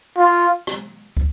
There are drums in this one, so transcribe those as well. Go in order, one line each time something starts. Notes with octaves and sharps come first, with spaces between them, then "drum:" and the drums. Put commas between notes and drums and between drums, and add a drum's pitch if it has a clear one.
F4
drum: rim click
drum: kick